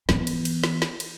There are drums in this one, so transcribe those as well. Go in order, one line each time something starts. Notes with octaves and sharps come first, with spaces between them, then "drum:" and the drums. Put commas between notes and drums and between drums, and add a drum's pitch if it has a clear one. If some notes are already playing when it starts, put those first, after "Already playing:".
E3 B3, drum: snare
drum: cymbal
drum: cymbal
drum: snare
drum: snare
drum: cymbal